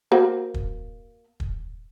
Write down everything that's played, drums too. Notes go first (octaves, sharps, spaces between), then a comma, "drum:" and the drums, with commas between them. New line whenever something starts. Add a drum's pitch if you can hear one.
A#3 F#4 C5
drum: kick
drum: kick